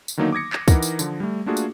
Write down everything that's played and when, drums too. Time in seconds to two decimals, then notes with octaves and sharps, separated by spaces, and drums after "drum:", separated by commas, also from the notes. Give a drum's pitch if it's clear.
0.08 drum: tambourine
0.17 D3 D#3 F#3 A#3 B3 D#4
0.32 D6 D#6 G#6 A#6 C#7
0.53 drum: clap
0.68 E3 D#4 A#4 F#5 A#6, drum: kick, tambourine
0.82 drum: tambourine
0.99 D3 F3, drum: tambourine
1.20 G3 A3
1.46 A3 A#3 D4 F4 F#4 G#4
1.57 drum: tambourine